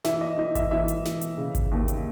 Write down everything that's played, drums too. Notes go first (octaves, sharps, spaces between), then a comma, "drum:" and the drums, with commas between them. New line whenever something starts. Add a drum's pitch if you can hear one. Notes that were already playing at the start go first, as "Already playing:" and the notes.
E3 E5, drum: snare
D#5
E3 D#5
E5, drum: kick G#1, hi-hat
E3 E5
drum: hi-hat
E3, drum: snare
drum: hi-hat
C#3
drum: kick G#1, hi-hat
D#2
drum: hi-hat